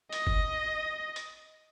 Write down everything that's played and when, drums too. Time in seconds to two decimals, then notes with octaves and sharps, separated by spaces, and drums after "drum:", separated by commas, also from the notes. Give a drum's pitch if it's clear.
0.13 D#5, drum: hi-hat
0.27 drum: kick
1.16 drum: hi-hat